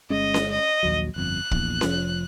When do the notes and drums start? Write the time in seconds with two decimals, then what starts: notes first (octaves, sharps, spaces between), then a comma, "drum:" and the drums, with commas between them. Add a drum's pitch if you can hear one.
0.10 G1 G#3 C#4 D#5
0.34 drum: snare C#4
0.51 D#5
0.83 A#1 D#2 F#3
1.16 G1 F2 F#6
1.51 A#1 E2, drum: kick
1.81 F1 F3, drum: snare C#4